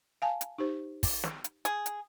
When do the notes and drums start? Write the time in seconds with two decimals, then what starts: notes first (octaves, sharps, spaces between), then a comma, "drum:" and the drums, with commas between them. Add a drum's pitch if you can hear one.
0.22 F5 G#5 A5
0.41 drum: hi-hat
0.58 D#4 G4 C5
1.03 drum: kick, open hi-hat
1.24 drum: snare
1.44 drum: hi-hat
1.65 G#4, drum: hi-hat
1.86 drum: hi-hat